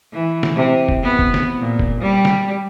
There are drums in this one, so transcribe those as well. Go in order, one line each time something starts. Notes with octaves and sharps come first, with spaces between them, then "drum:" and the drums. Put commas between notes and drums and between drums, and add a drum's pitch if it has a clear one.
E3
drum: snare
C3
drum: kick F1
B3
drum: kick F1
drum: snare
A#2
drum: kick F1
G3
drum: snare